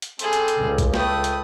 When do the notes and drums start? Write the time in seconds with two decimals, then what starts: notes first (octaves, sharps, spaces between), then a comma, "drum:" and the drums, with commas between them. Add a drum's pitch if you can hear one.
0.02 drum: hi-hat
0.19 G3 C4 G#4 A4, drum: hi-hat
0.33 drum: hi-hat
0.48 drum: hi-hat
0.60 C#2
0.78 drum: kick A#1, hi-hat
0.94 A3 B4 G5 D#6, drum: snare
1.24 drum: hi-hat